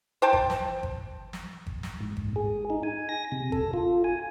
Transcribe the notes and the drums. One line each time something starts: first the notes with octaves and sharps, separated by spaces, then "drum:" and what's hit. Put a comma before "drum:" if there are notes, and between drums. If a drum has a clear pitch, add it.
C5 G5 A5
drum: kick
drum: snare
drum: kick
drum: snare
drum: kick
drum: snare
G#2
drum: kick
G#4
D#4
G#5
A#6
C3
A4, drum: kick
F4
G#5